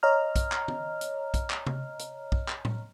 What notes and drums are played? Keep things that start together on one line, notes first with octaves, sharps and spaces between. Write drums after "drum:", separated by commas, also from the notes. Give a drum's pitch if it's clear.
C#5 D#5 A#5 F6
drum: kick, hi-hat
drum: clap
drum: tom
drum: hi-hat
drum: kick, hi-hat
drum: clap
drum: tom
drum: hi-hat
drum: kick
drum: clap
drum: tom